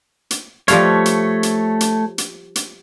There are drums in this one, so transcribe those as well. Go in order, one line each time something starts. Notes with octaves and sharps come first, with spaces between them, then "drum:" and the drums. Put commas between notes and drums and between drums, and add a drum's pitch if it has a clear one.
drum: hi-hat
F3 G3 A3 C#5 F5, drum: hi-hat
drum: hi-hat
drum: hi-hat
drum: hi-hat
drum: hi-hat
drum: hi-hat